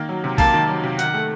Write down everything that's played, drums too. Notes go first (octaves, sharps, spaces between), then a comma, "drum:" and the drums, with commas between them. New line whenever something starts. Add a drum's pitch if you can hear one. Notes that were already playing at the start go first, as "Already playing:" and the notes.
Already playing: D#3 A#3
F#3
C3
A#3 A5, drum: kick A#1, open hi-hat
D#3
F#3
C3
D#3 F#5, drum: hi-hat
A3